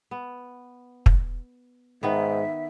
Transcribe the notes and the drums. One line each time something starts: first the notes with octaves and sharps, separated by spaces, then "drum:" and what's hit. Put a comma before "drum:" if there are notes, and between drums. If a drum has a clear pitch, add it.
B3
drum: kick
G#2 D#3 B3 E5